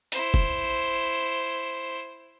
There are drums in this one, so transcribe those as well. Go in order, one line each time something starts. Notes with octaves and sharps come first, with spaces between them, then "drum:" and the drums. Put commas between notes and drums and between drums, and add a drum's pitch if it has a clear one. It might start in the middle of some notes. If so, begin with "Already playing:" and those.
E4 C5, drum: hi-hat
drum: kick